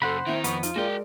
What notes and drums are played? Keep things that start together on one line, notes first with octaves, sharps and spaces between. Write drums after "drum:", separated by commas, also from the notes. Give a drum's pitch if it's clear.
F#2 C#3 A4 C5 F#5 B5
D#3 C4 E4 A#4 E5
F2 B3 C#6, drum: hi-hat
D#4 F4, drum: hi-hat
G#3 F#4 A#4 D5 G5